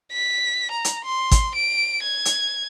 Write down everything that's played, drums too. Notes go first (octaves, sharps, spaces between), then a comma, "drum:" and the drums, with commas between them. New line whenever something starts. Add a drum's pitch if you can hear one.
B6
A#5
drum: hi-hat
C6
drum: kick, hi-hat
D7
G#6
drum: hi-hat